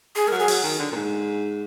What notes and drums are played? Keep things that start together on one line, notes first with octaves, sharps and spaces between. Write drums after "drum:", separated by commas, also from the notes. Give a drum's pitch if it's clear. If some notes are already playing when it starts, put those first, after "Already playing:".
G#4
G#3 A#4
F#3
G#4
F#3, drum: open hi-hat
D#3
D3
A#2
G#2